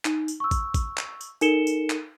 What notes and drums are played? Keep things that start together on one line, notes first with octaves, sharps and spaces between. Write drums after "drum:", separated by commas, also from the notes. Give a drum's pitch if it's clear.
D#4, drum: clap
drum: tambourine
C#6 E6
drum: kick A1, tambourine
drum: kick A1, tambourine
drum: clap
drum: tambourine
D#4 A4 A#4 C#7 E7 G7, drum: tambourine
drum: tambourine
drum: clap